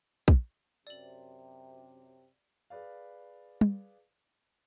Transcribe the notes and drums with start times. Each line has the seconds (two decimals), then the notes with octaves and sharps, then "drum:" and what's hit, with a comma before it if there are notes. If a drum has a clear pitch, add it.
0.28 drum: kick
0.87 F#2 C3 D5 F#7
2.70 G#4 B4 D5 F5
3.61 drum: tom